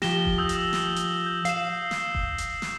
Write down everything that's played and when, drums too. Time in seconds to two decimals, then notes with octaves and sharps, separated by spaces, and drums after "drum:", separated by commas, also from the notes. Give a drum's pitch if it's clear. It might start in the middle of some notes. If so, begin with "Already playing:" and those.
0.02 F3 G4 A#6 E7 G7, drum: snare
0.25 drum: kick F1
0.38 D#6 E6 G6
0.49 drum: hi-hat
0.73 drum: snare
0.96 drum: hi-hat
1.26 G6
1.45 F5 C7 E7, drum: hi-hat
1.91 drum: snare
2.15 drum: kick F1
2.38 drum: hi-hat
2.62 drum: snare